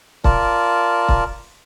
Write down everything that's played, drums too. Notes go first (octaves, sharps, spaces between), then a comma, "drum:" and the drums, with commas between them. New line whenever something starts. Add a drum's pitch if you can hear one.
F4 A#4 D5 A5, drum: kick C#1
drum: kick C#1